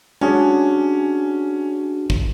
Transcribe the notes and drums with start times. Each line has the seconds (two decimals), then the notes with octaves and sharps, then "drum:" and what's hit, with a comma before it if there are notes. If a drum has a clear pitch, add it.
0.21 C#4 D4 F#4 G#4, drum: tom G#3
2.10 drum: kick